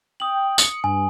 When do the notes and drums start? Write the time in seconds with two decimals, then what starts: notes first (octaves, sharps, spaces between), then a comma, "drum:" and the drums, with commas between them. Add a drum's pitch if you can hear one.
0.20 G5 D#6 F#7
0.58 C#7, drum: tambourine
0.84 G2 G#5